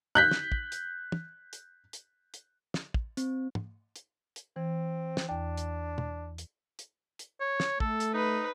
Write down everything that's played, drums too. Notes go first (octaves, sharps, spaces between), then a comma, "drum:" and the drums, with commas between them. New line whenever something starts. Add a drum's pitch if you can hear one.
F#6 G6 B6
drum: snare
drum: kick
drum: hi-hat
drum: tom
drum: hi-hat
drum: hi-hat
drum: hi-hat
drum: snare
drum: kick
C4, drum: hi-hat
drum: tom
drum: hi-hat
drum: hi-hat
E3 C4
drum: snare
E2 D4 G5
drum: hi-hat
drum: tom
drum: hi-hat
drum: hi-hat
drum: hi-hat
C#5
drum: snare
A3 A4, drum: kick
drum: hi-hat
D#4 B4